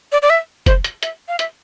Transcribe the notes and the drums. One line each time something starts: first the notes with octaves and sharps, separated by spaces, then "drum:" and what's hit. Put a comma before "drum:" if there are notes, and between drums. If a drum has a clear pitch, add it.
D5
D5
E5
C5, drum: kick, hi-hat
drum: hi-hat
E5, drum: hi-hat
F5
E5, drum: hi-hat